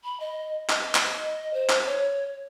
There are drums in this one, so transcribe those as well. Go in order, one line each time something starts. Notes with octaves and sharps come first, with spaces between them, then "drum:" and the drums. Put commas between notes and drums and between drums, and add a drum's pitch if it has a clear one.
B5
D#5
D#5, drum: clap
drum: clap
C5
drum: clap
C#5